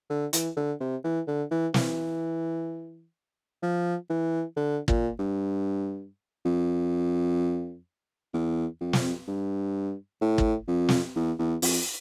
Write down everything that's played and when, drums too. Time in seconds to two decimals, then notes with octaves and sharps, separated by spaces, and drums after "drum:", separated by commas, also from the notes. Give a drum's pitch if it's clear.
0.10 D3
0.33 E3, drum: hi-hat
0.57 D3
0.80 C3
1.04 E3
1.27 D3
1.51 E3
1.74 E3, drum: snare
3.62 F3
4.10 E3
4.57 D3
4.88 A#2, drum: kick
5.19 G2
6.45 F2
8.33 E2
8.81 F2
8.93 drum: snare
9.28 G2
10.21 A2
10.38 drum: kick
10.68 F2
10.89 drum: snare
11.16 E2
11.39 E2
11.62 F2, drum: open hi-hat